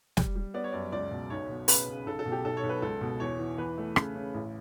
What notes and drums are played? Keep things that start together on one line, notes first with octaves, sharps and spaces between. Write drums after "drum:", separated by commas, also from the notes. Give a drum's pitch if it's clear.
G3, drum: snare
G3
B3 D5
C#5
F#2 D5
C#2 D5
B2
B1 C#5
B2
C#3 B4, drum: open hi-hat
C#3
B1 A4
A4
B2
G4
B1 A4
C#5
B1
B4
C#2 A4
B2
E2 C#5
E3
E2 B4
A3
C#3, drum: rim click
C#3
A1